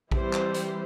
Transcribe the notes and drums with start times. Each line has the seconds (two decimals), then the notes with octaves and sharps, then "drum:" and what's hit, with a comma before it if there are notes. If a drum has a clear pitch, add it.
0.12 E3 G3 C4 G4 C5, drum: kick A#1
0.33 drum: clap
0.54 drum: hi-hat